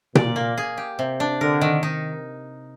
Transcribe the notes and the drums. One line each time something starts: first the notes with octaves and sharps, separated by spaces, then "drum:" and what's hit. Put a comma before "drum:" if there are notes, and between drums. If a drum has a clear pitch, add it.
A#2 D5, drum: tom B2
A#3
G#4
G4
C3
D4
D3 A#4
D#3
D#4